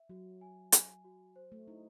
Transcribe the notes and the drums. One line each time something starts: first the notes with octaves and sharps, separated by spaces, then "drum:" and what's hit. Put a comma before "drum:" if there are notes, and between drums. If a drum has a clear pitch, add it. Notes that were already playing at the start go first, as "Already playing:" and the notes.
Already playing: E5
F#3 F#4
G#5
G#5, drum: hi-hat
F#4
C5
A3
D#4 E4